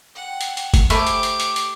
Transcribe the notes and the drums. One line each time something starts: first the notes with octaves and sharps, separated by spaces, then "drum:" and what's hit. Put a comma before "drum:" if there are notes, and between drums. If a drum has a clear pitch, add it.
F#5 G5
drum: hi-hat
drum: hi-hat
drum: kick, hi-hat
A3 E4 G4 C5 G#5 D6, drum: hi-hat
drum: hi-hat
drum: hi-hat
drum: hi-hat
drum: hi-hat